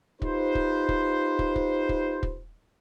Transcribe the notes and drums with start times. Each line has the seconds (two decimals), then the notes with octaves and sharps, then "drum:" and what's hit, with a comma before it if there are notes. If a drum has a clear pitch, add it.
0.22 D#4 F4 G4 B4 C5, drum: kick
0.55 drum: kick
0.89 drum: kick
1.39 drum: kick
1.56 drum: kick
1.89 drum: kick
2.23 drum: kick